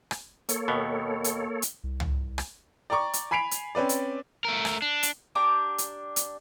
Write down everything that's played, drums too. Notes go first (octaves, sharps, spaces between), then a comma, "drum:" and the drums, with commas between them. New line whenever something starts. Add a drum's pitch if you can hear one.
drum: rim click
A#3 A4 C#5, drum: hi-hat
D#2 B2 B3
drum: hi-hat
drum: hi-hat
C2
drum: tom
drum: rim click
D5 G5 A#5 C#6 D6
drum: hi-hat
G#5 B5 B6 C7 D7 F7
drum: hi-hat
C4 C#4 B4 D5
drum: hi-hat
A3 A#4
drum: rim click
D4
drum: hi-hat
D4 G4 A#5 D6
drum: hi-hat
drum: hi-hat